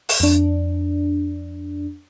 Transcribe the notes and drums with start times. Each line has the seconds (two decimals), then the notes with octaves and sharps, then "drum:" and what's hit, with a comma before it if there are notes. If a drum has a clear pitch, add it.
0.09 drum: open hi-hat
0.20 F2 D4